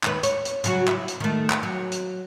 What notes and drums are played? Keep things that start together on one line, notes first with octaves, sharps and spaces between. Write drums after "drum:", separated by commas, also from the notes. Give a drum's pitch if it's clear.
D#2 B4, drum: clap
C#5, drum: hi-hat
drum: hi-hat
C#3 F#3 F#4, drum: hi-hat
E4, drum: clap
drum: hi-hat
D#3 A3
drum: clap
F#3
drum: hi-hat